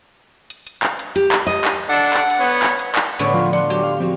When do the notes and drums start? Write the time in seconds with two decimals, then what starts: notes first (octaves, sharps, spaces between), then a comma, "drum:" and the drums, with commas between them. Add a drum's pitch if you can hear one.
0.50 drum: hi-hat
0.67 drum: hi-hat
0.83 drum: clap
0.99 drum: hi-hat
1.16 G4, drum: hi-hat
1.32 drum: clap
1.47 D#5, drum: hi-hat
1.65 drum: clap
1.89 D4 A4 F#5
2.14 drum: clap
2.30 drum: hi-hat
2.40 B3 C#5
2.63 drum: clap
2.79 drum: hi-hat
2.95 drum: clap
3.19 A2 D3 B3 C#4 C#6
3.34 F3 F4
3.53 D4 F#5 C6
3.70 F#3 G4
3.83 F5
4.00 F3 C4 F#4